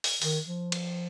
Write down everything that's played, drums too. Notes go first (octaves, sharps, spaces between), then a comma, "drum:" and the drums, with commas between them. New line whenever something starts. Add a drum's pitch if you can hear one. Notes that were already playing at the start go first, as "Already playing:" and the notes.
drum: open hi-hat
D#3, drum: open hi-hat
F3
drum: cymbal